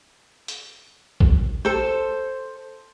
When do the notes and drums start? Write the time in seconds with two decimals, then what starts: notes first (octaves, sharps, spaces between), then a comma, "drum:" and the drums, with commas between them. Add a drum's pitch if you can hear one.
0.48 drum: hi-hat
1.20 drum: kick A1
1.65 A4 C5